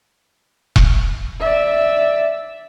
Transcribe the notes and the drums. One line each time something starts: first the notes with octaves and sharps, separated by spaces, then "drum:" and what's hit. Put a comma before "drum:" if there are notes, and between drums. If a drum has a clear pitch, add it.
drum: kick E1
D5 E5